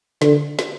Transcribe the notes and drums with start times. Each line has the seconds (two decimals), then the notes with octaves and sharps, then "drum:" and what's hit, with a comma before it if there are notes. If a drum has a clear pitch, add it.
0.22 D3, drum: snare
0.59 drum: snare